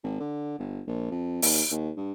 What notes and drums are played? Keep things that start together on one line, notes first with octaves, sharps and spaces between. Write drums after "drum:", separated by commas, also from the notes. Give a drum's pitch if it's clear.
G#1
D3
G1
A#1
F2
D#2, drum: open hi-hat
D#2
G2